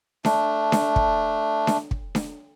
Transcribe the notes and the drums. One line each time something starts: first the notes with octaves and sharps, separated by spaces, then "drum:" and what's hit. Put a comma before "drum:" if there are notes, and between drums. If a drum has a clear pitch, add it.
A3 D4, drum: snare D4
drum: snare D4
drum: kick
drum: snare D4
drum: kick
drum: snare D4